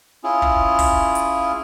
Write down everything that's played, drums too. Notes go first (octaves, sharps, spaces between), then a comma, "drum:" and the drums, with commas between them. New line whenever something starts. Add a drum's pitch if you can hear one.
C#4 E4 F4 G#4
drum: kick
drum: kick, open hi-hat
drum: hi-hat